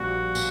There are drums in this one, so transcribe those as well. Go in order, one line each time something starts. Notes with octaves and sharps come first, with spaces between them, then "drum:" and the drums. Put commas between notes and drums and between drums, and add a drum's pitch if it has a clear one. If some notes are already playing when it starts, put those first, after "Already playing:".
Already playing: A#1 A#2 G3 F#4
A#2, drum: tambourine